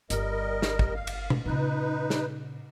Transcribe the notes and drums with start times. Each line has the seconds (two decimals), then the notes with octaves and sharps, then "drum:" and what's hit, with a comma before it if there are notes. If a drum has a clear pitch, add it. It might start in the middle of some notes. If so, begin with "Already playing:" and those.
0.10 G1 G3 A#4 D#5, drum: hi-hat
0.62 drum: snare
0.79 drum: kick
0.95 F5
1.07 drum: cymbal
1.30 drum: tom B2
1.46 A#2 C#3 D#4 B4
2.10 drum: snare